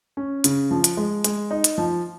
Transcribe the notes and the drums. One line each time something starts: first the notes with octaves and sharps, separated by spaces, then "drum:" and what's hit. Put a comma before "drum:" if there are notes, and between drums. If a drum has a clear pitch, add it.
C#4
C#3, drum: hi-hat
F3
drum: hi-hat
G#3
G#3, drum: hi-hat
D#4
drum: hi-hat
F3